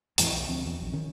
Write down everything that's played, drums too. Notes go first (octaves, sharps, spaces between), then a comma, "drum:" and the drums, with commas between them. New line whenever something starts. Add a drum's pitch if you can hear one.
F2 A2 E3 G#3, drum: hi-hat
B1
D2 F3 C4
E2
A#1 F#3
D#3 C#4